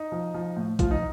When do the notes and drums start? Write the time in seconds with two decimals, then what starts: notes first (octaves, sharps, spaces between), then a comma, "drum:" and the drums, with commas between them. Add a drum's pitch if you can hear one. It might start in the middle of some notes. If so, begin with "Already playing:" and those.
Already playing: D#4
0.12 F3
0.34 F3
0.57 A2
0.79 F3 F4, drum: kick, hi-hat
0.91 D#4